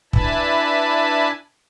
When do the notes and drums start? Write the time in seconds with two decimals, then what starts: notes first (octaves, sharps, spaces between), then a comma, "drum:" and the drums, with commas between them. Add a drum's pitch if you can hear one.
0.13 D4 E4 B4 G#5 A5 B5, drum: kick